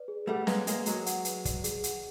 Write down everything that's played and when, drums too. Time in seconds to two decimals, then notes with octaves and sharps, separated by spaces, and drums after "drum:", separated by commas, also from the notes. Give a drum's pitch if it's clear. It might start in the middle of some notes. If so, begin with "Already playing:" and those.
Already playing: B4 D5
0.08 G#4
0.27 G3 A3 F#5
0.47 G#3 A#3 B4, drum: snare
0.67 G#3 A#3 D5, drum: hi-hat
0.86 F#3 G#3 G#4, drum: hi-hat
1.06 F#5, drum: hi-hat
1.25 B4, drum: hi-hat
1.45 D5, drum: kick, hi-hat
1.64 G#4, drum: hi-hat
1.84 F#5, drum: hi-hat